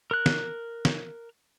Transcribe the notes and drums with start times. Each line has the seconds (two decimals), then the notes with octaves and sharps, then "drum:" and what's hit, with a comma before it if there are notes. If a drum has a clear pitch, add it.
0.11 A#4 F#6
0.26 drum: snare
0.85 drum: snare